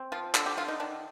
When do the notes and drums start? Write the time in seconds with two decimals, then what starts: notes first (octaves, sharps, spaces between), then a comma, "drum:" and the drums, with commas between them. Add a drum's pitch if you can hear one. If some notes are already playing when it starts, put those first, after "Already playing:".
Already playing: C4
0.12 F3 F4
0.35 D3 A4, drum: clap
0.46 G4
0.57 D3 F4
0.68 D#4
0.80 D#3 D4